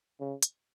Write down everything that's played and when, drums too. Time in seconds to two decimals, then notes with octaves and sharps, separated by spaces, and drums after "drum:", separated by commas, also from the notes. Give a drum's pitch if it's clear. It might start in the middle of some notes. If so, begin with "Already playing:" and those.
0.20 C#3
0.43 drum: hi-hat